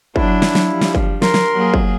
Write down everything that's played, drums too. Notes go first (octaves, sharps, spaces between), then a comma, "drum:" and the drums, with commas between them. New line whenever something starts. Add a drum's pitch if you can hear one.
F#3 D4 E4, drum: kick
drum: snare
drum: snare
F3 G3
drum: snare
drum: kick
A#4 C6, drum: snare
drum: snare
F#3 A#3 G#4
drum: kick